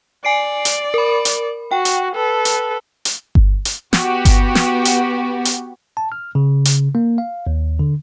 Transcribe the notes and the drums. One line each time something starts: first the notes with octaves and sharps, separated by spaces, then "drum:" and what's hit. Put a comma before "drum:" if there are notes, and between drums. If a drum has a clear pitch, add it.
D5 G#5 C7 D7
drum: hi-hat
A#4 B5
drum: hi-hat
F#4 G5
drum: hi-hat
A4 B4
drum: hi-hat
drum: hi-hat
drum: kick G1
drum: hi-hat
B3 F#4 G4, drum: snare
drum: kick G1, hi-hat
drum: snare
drum: hi-hat
drum: hi-hat
A5
F6
C#3
drum: hi-hat
A#3
F5
D#2
D3